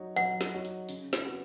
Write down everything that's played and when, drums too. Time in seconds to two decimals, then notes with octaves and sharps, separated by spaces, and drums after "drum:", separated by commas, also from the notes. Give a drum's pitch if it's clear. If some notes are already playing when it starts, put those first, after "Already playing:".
Already playing: F#3 D#4 F#4 C#5
0.16 F#3 F#5, drum: hi-hat
0.41 drum: snare
0.53 D#4 F#4 C#5
0.65 drum: hi-hat
0.89 C#3, drum: open hi-hat
1.13 drum: snare
1.25 B3 F#4